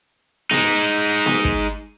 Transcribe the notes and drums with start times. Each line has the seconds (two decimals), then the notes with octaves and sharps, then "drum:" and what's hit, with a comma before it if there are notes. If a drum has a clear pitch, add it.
0.51 G#3 D#4, drum: snare B3
1.26 drum: snare B3
1.45 drum: kick